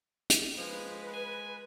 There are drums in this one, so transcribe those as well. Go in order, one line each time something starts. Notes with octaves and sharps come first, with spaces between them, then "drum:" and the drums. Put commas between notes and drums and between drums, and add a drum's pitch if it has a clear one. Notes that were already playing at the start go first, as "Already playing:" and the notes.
drum: hi-hat
F3 G#3 B4
G#5